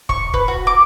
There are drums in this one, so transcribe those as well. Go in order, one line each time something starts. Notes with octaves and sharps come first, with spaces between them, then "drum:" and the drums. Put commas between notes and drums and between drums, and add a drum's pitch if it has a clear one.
C#6, drum: kick
B4, drum: kick
F#4
D6